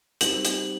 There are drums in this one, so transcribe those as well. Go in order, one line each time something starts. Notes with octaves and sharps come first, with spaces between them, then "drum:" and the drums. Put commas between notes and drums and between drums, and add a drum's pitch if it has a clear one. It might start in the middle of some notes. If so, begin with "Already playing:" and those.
G3 C4 D#4 F#4 C5 F#7, drum: hi-hat
drum: hi-hat